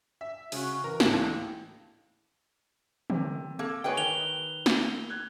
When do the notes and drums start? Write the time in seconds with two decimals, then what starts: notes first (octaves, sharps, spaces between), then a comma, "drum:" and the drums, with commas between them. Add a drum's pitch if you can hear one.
0.21 E5
0.52 C#3 F#4, drum: open hi-hat
0.84 E3 A#4
1.00 C#2 A2 E3 D4, drum: snare
3.10 C3 G4, drum: tom
3.59 A#3 A4
3.84 F#4 G#4 B4 C#5 D#5 G5
3.97 D#3 F7 G7
4.66 drum: snare
5.10 F#6 G#6